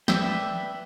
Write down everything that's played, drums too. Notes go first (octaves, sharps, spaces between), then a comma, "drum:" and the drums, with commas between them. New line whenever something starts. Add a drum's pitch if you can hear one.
B4 D5 E5 G5, drum: snare